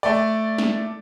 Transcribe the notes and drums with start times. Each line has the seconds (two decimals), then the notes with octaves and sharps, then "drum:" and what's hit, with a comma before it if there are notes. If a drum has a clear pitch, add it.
0.03 A3 D5
0.58 drum: snare